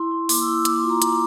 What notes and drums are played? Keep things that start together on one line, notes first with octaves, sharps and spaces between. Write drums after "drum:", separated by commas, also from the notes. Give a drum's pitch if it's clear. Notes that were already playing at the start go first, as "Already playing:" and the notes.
Already playing: E4 C6
E4
A#3 D6, drum: open hi-hat
E6
E4
E6
A#3 D6, drum: hi-hat
C6
F4
A#5
F4 D6, drum: hi-hat